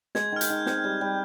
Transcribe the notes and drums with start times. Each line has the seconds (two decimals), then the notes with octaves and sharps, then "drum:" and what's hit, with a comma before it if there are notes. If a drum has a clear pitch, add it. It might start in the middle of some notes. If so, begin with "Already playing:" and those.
0.15 G#3 G#6, drum: snare
0.32 D#3 F6
0.41 G6, drum: hi-hat
0.50 D#3
0.66 C4 G6, drum: snare
0.84 G3
1.01 G3